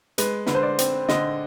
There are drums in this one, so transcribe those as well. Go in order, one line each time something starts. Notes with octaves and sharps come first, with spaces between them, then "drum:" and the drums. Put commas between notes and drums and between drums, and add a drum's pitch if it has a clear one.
G#3 B4, drum: hi-hat
D3 B4, drum: snare
C5
D5
C4, drum: hi-hat
D3 D#5, drum: snare